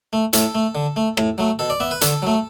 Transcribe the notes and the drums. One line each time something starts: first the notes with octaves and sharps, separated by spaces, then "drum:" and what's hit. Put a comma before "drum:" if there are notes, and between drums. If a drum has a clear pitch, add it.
A3
A2 A4, drum: hi-hat
A3
D3
A3
A2, drum: rim click
F#3 A3
B2 A4
D5
B3 E5
B4
D3 A4, drum: hi-hat
F#3 A3